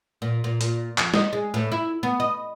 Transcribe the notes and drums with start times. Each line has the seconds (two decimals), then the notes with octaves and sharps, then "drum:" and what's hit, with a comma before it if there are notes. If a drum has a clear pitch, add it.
0.22 A#2
0.44 A#2
0.61 A#2, drum: hi-hat
0.98 F2, drum: clap
1.14 D#4, drum: snare
1.33 G#3
1.54 A2
1.72 E4
2.03 B3
2.20 D#5